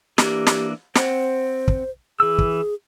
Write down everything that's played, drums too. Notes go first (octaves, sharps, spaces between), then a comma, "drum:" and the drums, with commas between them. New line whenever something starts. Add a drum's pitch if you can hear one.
E3 A#3 D4 G4, drum: snare
drum: snare
C4 C5 F#5, drum: snare
drum: kick
E3 G#4 E6
drum: kick